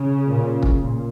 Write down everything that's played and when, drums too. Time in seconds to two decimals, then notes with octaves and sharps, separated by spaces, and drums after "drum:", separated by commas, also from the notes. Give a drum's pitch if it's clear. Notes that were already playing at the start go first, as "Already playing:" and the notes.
Already playing: C#3
0.26 A#2
0.63 drum: kick
0.80 A#2